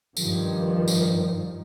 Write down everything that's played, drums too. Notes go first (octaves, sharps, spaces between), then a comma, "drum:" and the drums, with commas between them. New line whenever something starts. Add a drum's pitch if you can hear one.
G2 D#3 F3, drum: tambourine
drum: tambourine